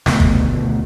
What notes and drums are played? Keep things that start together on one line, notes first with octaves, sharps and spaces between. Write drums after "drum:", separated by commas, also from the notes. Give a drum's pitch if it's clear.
D2 B2 D#3 A3, drum: snare
drum: kick